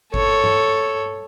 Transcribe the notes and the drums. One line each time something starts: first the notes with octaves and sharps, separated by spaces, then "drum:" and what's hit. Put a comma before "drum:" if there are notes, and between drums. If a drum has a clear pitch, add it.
A4 C#5, drum: kick G1
drum: tom G2